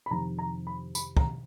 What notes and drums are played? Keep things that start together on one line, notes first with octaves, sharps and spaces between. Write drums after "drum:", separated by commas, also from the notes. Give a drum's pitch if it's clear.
B5
F2 C3 D#3 A#5
A#5
B5
B5, drum: tambourine
A#5, drum: kick